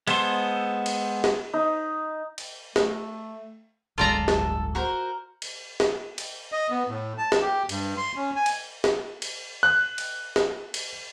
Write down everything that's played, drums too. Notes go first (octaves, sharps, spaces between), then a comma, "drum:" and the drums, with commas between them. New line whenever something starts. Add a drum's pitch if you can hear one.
G#3 B3 A4 C5 C6, drum: cymbal
drum: cymbal
drum: snare
D#4
drum: cymbal
A3, drum: snare
D1 G1 G#3 F4 A4 D5 A#5
drum: snare
F#4 A#4 C5
drum: cymbal
drum: snare
drum: cymbal
D#5
B3
A2
A5
drum: snare
G4
G2, drum: cymbal
C6
C#4
G#5
drum: cymbal
drum: snare
drum: cymbal
F#6
drum: cymbal
drum: snare
drum: cymbal